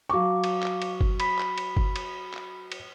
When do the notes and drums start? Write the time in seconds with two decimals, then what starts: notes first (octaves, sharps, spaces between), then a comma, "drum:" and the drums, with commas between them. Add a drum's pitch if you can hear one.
0.10 F#3 F5 A5 C#6 D6
0.44 drum: cymbal
0.63 drum: clap
0.82 drum: cymbal
1.01 drum: kick G1
1.20 B5 B6, drum: cymbal
1.39 drum: clap
1.58 drum: cymbal
1.77 drum: kick G1
1.96 drum: cymbal
2.34 drum: clap
2.72 drum: cymbal